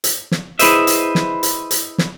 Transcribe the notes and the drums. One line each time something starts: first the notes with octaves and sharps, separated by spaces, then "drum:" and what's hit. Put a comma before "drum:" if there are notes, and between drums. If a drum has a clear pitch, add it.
drum: hi-hat
drum: snare
E4 G#4 B4 C5 D#5 E5, drum: hi-hat
drum: hi-hat
drum: snare
drum: hi-hat
drum: hi-hat
drum: snare